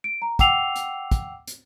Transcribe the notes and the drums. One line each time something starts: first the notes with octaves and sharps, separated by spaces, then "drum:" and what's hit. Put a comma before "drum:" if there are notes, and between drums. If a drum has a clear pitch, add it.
D7
A#5
F#5 G5 D6 E6 C7 F7, drum: kick, hi-hat
drum: hi-hat
drum: kick, hi-hat
drum: hi-hat